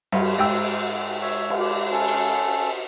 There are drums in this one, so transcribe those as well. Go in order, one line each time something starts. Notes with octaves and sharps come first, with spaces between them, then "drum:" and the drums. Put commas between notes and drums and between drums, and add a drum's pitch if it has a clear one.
G2, drum: cymbal
G#2 G5 E6
C#5 E5
drum: cymbal
D5
C#4 A4
drum: cymbal